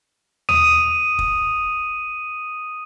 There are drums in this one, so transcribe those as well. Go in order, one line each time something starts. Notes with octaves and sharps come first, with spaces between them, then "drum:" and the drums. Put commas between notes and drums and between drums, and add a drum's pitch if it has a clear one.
D#6 D#7, drum: tom D#2
drum: kick